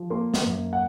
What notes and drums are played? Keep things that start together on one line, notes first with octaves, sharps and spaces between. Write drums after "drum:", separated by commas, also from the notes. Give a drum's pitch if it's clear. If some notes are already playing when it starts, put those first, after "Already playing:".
Already playing: F3
A#3 C6
drum: snare
F#2
F#5